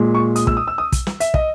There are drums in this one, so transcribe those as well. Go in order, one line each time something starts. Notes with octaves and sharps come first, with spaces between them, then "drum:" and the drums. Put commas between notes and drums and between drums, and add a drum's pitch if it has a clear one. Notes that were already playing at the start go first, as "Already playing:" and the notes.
Already playing: A#2 G#3
C#6
D#6, drum: hi-hat
E6, drum: kick
D#6
E6
D#6
drum: kick, hi-hat
drum: snare
E5, drum: hi-hat
D#5, drum: kick